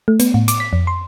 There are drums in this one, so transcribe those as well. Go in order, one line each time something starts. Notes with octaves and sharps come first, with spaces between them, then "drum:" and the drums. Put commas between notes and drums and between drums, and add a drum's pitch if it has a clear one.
A3
B3, drum: hi-hat
A2
D6, drum: hi-hat
B6
F2
C6